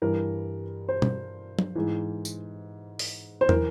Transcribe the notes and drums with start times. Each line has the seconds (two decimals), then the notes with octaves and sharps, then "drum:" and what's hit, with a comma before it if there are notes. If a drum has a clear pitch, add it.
0.02 G2 E3 A#4
0.89 C5
1.02 drum: tom B2
1.59 drum: tom
1.75 G#2 E3
2.25 drum: tambourine
2.99 drum: open hi-hat
3.41 C5
3.49 E3 A#4, drum: tom